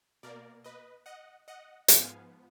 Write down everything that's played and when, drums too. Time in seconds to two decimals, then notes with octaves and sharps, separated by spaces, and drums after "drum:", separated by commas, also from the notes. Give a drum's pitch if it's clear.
0.23 B2 A#3 A#4 D5
0.64 B4 D#5
1.06 D#5 F#5
1.48 D#5 F#5
1.88 G#2 F3 B3 F5 G#5, drum: hi-hat